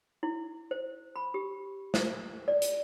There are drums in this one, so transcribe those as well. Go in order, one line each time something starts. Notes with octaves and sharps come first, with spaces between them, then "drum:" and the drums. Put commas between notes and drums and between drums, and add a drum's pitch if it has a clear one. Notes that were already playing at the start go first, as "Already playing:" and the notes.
E4
C5
B5
G4
C5, drum: snare
D5
drum: hi-hat